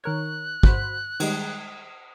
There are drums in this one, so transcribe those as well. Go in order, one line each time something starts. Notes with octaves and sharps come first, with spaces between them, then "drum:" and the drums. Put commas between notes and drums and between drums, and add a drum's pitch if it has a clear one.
D#3 A#4 C#5 F#6
F#4 C5 B5, drum: kick
D#3 G3 G#3, drum: cymbal